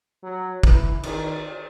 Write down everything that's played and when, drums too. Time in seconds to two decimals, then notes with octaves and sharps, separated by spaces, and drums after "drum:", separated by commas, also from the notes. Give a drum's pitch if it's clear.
0.23 F#3
0.63 E3, drum: kick
1.03 D#3, drum: cymbal